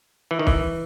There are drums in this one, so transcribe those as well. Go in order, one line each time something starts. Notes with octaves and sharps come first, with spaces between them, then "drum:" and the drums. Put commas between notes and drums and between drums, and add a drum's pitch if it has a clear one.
E3
D#3
E3, drum: kick